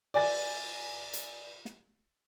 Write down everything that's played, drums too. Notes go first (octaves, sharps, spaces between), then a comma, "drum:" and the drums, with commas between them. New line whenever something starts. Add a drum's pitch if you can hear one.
D5 G#5 A6, drum: cymbal
drum: hi-hat
drum: snare